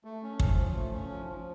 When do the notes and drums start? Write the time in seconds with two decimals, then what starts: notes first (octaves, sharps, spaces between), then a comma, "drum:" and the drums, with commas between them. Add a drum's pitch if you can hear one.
0.04 A3
0.23 C#4
0.40 F3, drum: kick
0.58 F3
0.76 A3
0.93 C#4
1.11 F3
1.29 F3